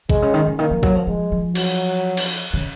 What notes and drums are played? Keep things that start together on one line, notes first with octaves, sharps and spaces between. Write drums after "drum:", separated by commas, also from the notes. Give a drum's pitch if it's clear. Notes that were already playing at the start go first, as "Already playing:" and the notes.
C3 G#3, drum: kick
C#3
D#3
C#3
D#3 A#3
F3
F#3, drum: kick
F3
F3 G#3
F3
F#3, drum: cymbal
drum: cymbal
C#3